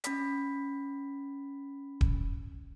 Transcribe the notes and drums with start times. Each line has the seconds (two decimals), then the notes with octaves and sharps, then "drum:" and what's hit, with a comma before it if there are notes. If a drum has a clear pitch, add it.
0.04 C#4 B5 B6, drum: hi-hat
2.01 drum: kick D#1